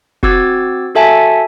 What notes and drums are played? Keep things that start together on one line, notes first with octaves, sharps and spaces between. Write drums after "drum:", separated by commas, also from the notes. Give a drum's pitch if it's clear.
C4 F#4 D6 E6 G#6 A6, drum: kick
F#4 A4 E5 G#5 A5